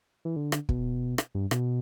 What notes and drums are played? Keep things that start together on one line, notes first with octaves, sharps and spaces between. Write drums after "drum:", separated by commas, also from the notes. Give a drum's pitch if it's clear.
E3
D3
drum: rim click
B2, drum: kick
drum: rim click
G2
B2, drum: rim click